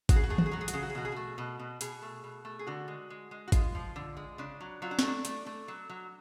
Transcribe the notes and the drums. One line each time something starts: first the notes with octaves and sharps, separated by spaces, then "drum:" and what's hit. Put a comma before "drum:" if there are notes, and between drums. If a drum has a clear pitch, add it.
C#3 F#4, drum: kick G#1, hi-hat
G#4
F#4
A3 G#4
F#4, drum: tom D#3
G#4
F#3 F#4
G#4
F#4, drum: hi-hat
C#3 G#4
F#4
G#4
B2 F#4
G#4
A3 F#4
B2
B2
B2 G#4, drum: hi-hat
A3
B2
A3
G#4
D3 F#4
G#3
G#3
G#3
F#4
G#3 F4, drum: kick G#1, hi-hat
F3
D3
G#3
C#3 D4
F#3
F#3 F4
D4
C#4, drum: snare
A3
D4
A3, drum: hi-hat
A3
F#3
F#3